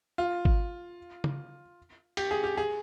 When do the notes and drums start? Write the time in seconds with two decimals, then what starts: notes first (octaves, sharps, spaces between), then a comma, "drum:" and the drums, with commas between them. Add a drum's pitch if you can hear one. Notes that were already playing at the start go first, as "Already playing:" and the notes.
0.18 F4
0.45 drum: kick G#1
1.24 drum: tom
2.17 G4, drum: cymbal
2.31 G#4
2.44 G4
2.57 G#4